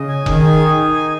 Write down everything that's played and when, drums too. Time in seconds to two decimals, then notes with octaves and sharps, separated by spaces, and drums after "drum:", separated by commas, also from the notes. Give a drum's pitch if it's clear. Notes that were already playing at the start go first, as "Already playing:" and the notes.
Already playing: C#3 D#5
0.08 G#5
0.26 D#3 G#4, drum: kick F1
0.43 G#5
0.60 D#4
0.77 D#4
0.94 G#5